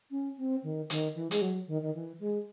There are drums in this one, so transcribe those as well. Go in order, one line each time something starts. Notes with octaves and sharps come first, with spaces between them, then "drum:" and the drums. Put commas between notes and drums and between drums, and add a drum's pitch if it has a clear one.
C#4
C4
D#3
D#3, drum: hi-hat
E3
G#3, drum: hi-hat
F#3
D#3
D#3
E3
G#3